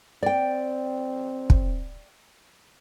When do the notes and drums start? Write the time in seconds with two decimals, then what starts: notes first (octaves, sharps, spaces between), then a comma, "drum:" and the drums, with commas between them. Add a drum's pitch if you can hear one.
0.23 C4 D5 G5
1.50 drum: kick